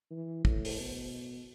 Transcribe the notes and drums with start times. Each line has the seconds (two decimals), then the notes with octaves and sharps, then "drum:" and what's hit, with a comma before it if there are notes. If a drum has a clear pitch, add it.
0.11 E3
0.45 A2, drum: kick
0.65 drum: open hi-hat
0.80 B2